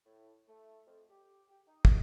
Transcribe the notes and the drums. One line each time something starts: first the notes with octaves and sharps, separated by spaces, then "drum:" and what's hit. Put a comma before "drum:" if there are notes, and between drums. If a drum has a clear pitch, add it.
A2
A3
F2
G4
G4
D#4
D#5, drum: kick